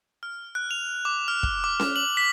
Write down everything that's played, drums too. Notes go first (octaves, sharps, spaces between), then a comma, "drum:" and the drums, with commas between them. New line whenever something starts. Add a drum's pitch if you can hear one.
F6
F#6
F7
D6
F6
drum: kick
D6
drum: snare C#4
F#7
B6